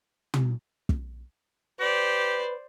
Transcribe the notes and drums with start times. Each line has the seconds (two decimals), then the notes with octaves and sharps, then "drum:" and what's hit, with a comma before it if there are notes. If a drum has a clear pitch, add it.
0.34 drum: tom
0.89 drum: kick
1.80 G4 B4 C5 D5